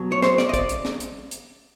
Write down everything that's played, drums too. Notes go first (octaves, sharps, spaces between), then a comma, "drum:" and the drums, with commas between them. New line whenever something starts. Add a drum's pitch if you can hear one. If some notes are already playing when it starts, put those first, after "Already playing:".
Already playing: B1 B2 F#3
C#5
C5, drum: snare
D5, drum: snare
D#5
D5, drum: kick, hi-hat
drum: hi-hat
drum: snare
drum: hi-hat
drum: hi-hat